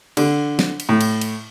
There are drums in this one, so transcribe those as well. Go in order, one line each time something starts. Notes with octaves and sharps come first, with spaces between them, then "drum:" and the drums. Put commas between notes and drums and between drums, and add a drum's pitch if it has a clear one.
D3, drum: cymbal
drum: snare
drum: cymbal
A2
drum: cymbal
drum: cymbal